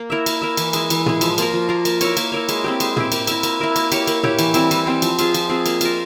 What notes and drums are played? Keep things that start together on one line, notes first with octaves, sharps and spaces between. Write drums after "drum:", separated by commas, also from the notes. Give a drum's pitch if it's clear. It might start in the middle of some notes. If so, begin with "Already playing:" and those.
Already playing: A#3
E4 A#4 E5
A#3, drum: cymbal
E4 A#4 E5
E3, drum: cymbal
G#3 E4, drum: cymbal
E3, drum: cymbal
G#3 E4, drum: tom
F3, drum: cymbal
A#3 F4 A#4, drum: cymbal
F3
A#3 F4 A#4
A#3, drum: cymbal
E4 A#4 C#5, drum: cymbal
A#3, drum: cymbal
E4 A#4 C#5
G#3, drum: cymbal
C4 E4 G4
G#3, drum: cymbal
C4 E4 G4, drum: tom
A#3, drum: cymbal
E4 A#4 E5, drum: cymbal
A#3, drum: cymbal
E4 A#4 E5
A#3, drum: cymbal
E4 G4 C#5, drum: cymbal
A#3, drum: cymbal
E4 G4 C#5, drum: tom
E3, drum: cymbal
G3 C4 E4, drum: cymbal
E3, drum: cymbal
G3 C4 E4
F3, drum: cymbal
C4 F4 G#4, drum: cymbal
F3, drum: cymbal
C4 F4 G#4
A#3, drum: cymbal
F4 A#4, drum: cymbal